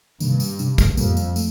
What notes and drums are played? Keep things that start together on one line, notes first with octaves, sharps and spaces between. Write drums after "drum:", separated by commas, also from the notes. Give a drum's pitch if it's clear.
G2 C3 D#3 A#3 D4, drum: tambourine
drum: tambourine
C3 G3 D4, drum: tambourine
drum: kick, tambourine
F2 A2 G3 A#3, drum: tambourine
drum: tambourine
A3, drum: tambourine